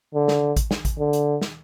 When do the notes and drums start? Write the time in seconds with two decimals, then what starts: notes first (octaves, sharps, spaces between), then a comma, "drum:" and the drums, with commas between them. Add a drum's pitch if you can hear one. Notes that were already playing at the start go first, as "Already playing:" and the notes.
0.14 D3
0.28 drum: snare
0.56 drum: kick A1, hi-hat
0.71 drum: snare
0.85 drum: kick A1, hi-hat
0.99 D3
1.13 drum: hi-hat
1.41 drum: snare